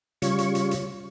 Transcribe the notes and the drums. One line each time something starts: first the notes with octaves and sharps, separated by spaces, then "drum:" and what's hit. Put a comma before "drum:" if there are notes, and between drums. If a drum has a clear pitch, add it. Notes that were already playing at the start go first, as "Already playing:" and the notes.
C#3 G3 F4 C#5 C#6, drum: hi-hat
drum: hi-hat
drum: hi-hat
drum: hi-hat